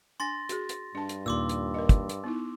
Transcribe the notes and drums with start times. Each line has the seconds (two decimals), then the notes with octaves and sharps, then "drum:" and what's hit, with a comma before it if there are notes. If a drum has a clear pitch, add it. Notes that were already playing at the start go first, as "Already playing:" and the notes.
0.20 D4 G#5 C6 A6 A#6
0.49 F#4 G#4, drum: hi-hat
0.69 drum: hi-hat
0.95 G2 D4 A5
1.09 drum: hi-hat
1.26 D#2 A#2 D#4 A#4 C6 D6 E6
1.49 drum: hi-hat
1.74 A#4 D#5
1.89 drum: kick, hi-hat
2.09 drum: hi-hat
2.24 B3 D#4 E4